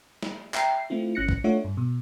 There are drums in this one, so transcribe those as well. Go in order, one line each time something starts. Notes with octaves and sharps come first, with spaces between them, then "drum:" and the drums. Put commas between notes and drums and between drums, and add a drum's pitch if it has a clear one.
drum: snare
E5 G5 A#5 C7, drum: clap
A3 C4 E4 F4
G#1 C#4 F#6 A#6 C#7
drum: kick
A3 D4 F4 C#5 E5 F#5
G2
B2